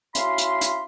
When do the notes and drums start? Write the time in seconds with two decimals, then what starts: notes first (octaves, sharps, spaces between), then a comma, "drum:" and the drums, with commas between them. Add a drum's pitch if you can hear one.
0.15 C#4 E4 F#4 F5 B5 C6, drum: hi-hat
0.38 drum: hi-hat
0.61 drum: hi-hat